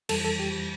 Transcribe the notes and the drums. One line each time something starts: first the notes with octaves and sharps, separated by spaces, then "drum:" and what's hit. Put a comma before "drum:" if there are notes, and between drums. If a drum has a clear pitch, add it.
F2 E3 G3 A4, drum: cymbal
A4
G4